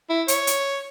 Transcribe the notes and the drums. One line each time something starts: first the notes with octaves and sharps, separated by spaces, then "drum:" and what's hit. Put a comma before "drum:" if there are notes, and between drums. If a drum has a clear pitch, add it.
E4
C#5, drum: hi-hat
drum: hi-hat